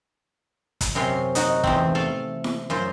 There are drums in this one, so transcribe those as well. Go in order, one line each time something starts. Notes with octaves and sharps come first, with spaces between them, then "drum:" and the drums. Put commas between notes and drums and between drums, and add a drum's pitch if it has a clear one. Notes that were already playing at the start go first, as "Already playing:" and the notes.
drum: kick, hi-hat
F#2 C3 C#4 C6
D#4 F#4, drum: hi-hat
E2 A3 C4, drum: kick
A3 A4 F5
drum: snare E4
F#2 F4 C5